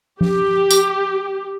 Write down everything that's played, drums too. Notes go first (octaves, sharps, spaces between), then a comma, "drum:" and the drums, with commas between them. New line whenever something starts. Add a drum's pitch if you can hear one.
G4, drum: tom F3
drum: tambourine